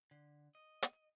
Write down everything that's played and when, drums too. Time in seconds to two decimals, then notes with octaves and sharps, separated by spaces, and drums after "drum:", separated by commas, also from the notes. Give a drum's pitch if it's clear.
0.11 D3
0.55 D#5
0.82 drum: hi-hat